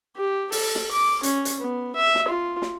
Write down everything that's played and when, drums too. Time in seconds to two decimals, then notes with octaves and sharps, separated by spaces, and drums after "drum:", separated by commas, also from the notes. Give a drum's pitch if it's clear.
0.17 G4
0.52 A4, drum: open hi-hat
0.75 drum: snare
0.91 D6
1.23 C#4, drum: hi-hat
1.45 drum: hi-hat
1.60 B3
1.96 E5
2.15 drum: snare
2.28 F4
2.62 drum: snare